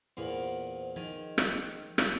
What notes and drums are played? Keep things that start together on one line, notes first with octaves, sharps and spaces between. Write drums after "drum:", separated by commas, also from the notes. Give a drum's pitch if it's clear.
E2 A#2 C5 F#5
D#3 F3 G#4 D#5
drum: rim click
drum: rim click